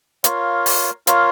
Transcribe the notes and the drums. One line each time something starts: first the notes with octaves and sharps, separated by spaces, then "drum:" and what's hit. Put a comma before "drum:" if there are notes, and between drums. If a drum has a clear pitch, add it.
F4 A#4 C#5 F5, drum: hi-hat
drum: open hi-hat
F4 A#4 C#5 F5, drum: hi-hat